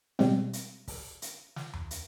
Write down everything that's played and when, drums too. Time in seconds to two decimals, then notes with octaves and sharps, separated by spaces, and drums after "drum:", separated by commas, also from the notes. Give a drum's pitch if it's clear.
0.19 B2 G3 G#3 C4, drum: snare
0.53 drum: hi-hat
0.88 drum: kick, open hi-hat
1.22 drum: hi-hat
1.56 drum: snare
1.73 drum: tom E2
1.91 drum: hi-hat